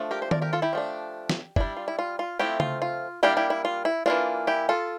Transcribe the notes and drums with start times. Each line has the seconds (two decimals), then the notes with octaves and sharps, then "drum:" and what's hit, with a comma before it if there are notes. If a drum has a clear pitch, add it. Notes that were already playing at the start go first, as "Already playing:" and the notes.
Already playing: F3 A3 D4
0.11 G4 A#4
0.22 C5
0.31 A#4 D5, drum: tom D#3
0.42 G4 A#4
0.53 F4 A4
0.62 E4 G4
0.73 F3 A3 D4
1.30 drum: snare
1.56 G3 D4 E4, drum: kick
1.77 F4
1.88 E4
1.99 F4
2.19 F4
2.39 F3 A3 C4 E4 G4
2.60 F4, drum: tom C#3
2.82 F4
3.23 G3 A#3 D4 E4 G4
3.37 E4 G4
3.50 E4
3.65 F4
3.85 E4
4.06 E3 A#3 D4 F4
4.47 E4 G4
4.69 F4 A4